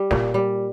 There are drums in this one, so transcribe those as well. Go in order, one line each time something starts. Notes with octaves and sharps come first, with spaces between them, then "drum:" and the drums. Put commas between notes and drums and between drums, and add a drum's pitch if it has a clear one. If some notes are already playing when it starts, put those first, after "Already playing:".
Already playing: G3
A#2, drum: snare
G3